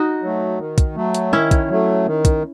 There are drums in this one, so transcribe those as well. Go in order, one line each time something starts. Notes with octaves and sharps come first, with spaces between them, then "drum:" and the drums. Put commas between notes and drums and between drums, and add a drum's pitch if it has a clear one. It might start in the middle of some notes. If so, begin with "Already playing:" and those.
Already playing: D#4 F#4
F#3 A3
D#3
drum: kick, hi-hat
F#3 A3
drum: hi-hat
D#3 C#4 E4
drum: kick, hi-hat
F#3 A3
D#3
drum: kick, hi-hat